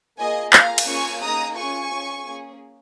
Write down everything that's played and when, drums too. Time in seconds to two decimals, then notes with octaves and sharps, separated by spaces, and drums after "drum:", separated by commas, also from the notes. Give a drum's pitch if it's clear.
0.19 A#3 F4 G#4 D#5 G#5
0.53 A#3 F4 G#4 F5 A#5, drum: clap
0.78 drum: cymbal
0.87 A#3 C#4 F4 G#4 G#5 C#6
1.22 A#3 D#4 G#4 A#5 D#6
1.56 C#4 F4 G#4 G#5 C#6
1.91 C#4 F4 G#4
2.25 A#3 C#4 G#4